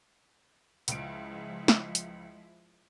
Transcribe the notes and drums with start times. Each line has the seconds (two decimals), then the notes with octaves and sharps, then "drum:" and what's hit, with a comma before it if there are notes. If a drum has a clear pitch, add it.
0.88 C#2 F3 G#3 E4 D7, drum: hi-hat
1.68 drum: snare
1.95 drum: hi-hat